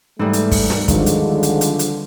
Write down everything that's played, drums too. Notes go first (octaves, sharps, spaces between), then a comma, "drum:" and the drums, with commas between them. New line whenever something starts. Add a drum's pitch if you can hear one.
G#2 E3 G3 A3
drum: hi-hat
drum: kick, open hi-hat
drum: snare
G#1 D3 D#3 F3 G#3, drum: kick, hi-hat
drum: hi-hat
drum: hi-hat
drum: hi-hat
drum: hi-hat